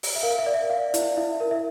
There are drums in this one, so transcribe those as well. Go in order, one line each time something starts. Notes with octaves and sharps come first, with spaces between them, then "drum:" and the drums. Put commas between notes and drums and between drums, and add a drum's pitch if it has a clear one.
drum: open hi-hat
E5
A#4 F5
E5
D5
E5
D5 F5
E4, drum: hi-hat
E4 E5
A#4
E5